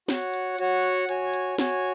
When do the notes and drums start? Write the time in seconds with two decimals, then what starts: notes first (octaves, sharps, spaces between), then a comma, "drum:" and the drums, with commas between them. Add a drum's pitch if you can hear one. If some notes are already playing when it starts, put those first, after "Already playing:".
0.08 F#4 C#5 F#5, drum: snare
0.34 drum: hi-hat
0.59 F#4 C#5 F#5, drum: hi-hat
0.84 drum: hi-hat
1.09 F#4 C#5 G#5, drum: hi-hat
1.34 drum: hi-hat
1.58 F#4 C#5 G#5, drum: snare